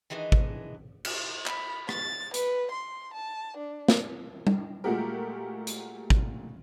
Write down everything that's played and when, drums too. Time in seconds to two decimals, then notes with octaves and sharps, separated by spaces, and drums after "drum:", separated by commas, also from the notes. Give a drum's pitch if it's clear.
0.10 D#3 E3 G#3 D4 D#4
0.32 drum: kick G#1
1.05 drum: cymbal
1.46 B5, drum: clap
1.89 A6, drum: rim click
2.34 B4, drum: hi-hat
2.72 C6
3.14 A5
3.57 D4
3.88 drum: snare
4.47 drum: tom G3
4.84 A#2 G#3 A3 F#4 G4 A#4
5.67 drum: hi-hat
6.10 drum: kick G#1